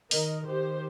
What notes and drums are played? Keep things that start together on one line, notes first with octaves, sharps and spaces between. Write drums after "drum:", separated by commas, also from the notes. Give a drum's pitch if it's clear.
D#3 A#4 D#5, drum: open hi-hat
D#3 G4 C5